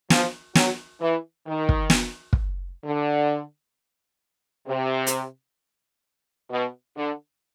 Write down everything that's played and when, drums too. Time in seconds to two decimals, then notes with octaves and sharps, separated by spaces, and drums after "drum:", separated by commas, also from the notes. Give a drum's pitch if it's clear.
0.10 F3, drum: snare
0.55 F#3, drum: snare
1.01 E3
1.47 D#3
1.69 drum: kick
1.90 drum: snare
2.33 drum: kick
2.85 D3
4.68 C3
5.07 drum: hi-hat
6.51 B2
6.97 D3